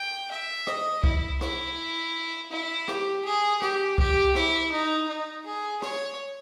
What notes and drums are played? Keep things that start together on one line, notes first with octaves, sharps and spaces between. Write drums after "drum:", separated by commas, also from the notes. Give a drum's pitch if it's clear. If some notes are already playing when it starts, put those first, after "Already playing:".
Already playing: G5
E5
D#5, drum: rim click
E4, drum: kick C2
E4, drum: rim click
E4
G4, drum: rim click
G#4
G4, drum: rim click
G4, drum: kick C2
E4, drum: rim click
D#4
D#4
G#4
C#5, drum: rim click